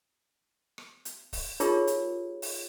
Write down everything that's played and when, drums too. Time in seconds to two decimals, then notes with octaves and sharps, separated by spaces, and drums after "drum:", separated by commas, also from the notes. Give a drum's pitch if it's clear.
0.78 drum: rim click
1.05 drum: hi-hat
1.33 drum: kick, open hi-hat
1.60 D#4 F4 G4 G#4 A#4 C#5, drum: hi-hat
1.87 drum: hi-hat
2.42 drum: open hi-hat